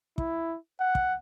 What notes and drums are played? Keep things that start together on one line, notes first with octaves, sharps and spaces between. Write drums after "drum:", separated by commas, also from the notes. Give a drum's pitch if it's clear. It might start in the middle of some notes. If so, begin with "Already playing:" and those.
E4, drum: kick
F#5
drum: kick